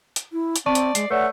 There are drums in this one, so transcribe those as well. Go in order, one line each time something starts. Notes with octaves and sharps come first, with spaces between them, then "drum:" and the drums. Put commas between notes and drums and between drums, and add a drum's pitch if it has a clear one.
drum: hi-hat
E4
drum: hi-hat
C4 D5 A5 C#6 D#7
drum: hi-hat
G#3 C7, drum: hi-hat
A3 B4 C#5 D5 F#5